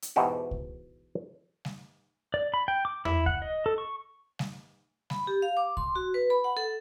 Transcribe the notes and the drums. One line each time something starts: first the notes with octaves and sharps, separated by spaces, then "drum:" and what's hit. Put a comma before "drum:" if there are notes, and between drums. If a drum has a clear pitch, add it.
drum: hi-hat
E2 G#2 B2 E4 F#4 G4
drum: kick C2
drum: snare G3
D5
B5
G5
D6
E4, drum: tom E2
F#5, drum: kick C2
D#5
A4
C#6
drum: snare G3
B5, drum: snare G3
G4
F5
D6
C6, drum: kick C2
F#4
B4
B5
F#5
A4